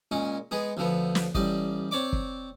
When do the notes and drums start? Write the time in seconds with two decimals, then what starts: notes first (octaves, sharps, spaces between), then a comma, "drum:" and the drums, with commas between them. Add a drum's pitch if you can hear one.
0.11 A#2 G#3 C#4
0.51 G#3 B3 G#4
0.77 D2 D3 F3 B3
1.15 drum: snare
1.35 A1 G3 D5 D#5, drum: kick
1.91 C4 C#5 D5 D6
2.13 drum: kick